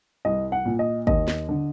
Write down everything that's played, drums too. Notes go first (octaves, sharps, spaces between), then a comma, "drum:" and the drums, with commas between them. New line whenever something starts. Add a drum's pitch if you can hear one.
C2 D#5
F#5
A#2
D#5
D#2 D#5, drum: kick
drum: snare
D3